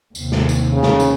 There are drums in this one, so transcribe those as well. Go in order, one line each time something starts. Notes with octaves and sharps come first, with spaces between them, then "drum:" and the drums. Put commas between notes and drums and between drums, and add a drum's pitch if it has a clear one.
D#2 C3, drum: tambourine
drum: snare
drum: tambourine
C#3
drum: snare
drum: tambourine